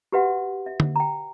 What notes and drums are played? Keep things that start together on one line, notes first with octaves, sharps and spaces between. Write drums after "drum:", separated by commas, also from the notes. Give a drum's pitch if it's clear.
F#4 G4 B4 E5 F#5
E5
drum: tom
G5 A#5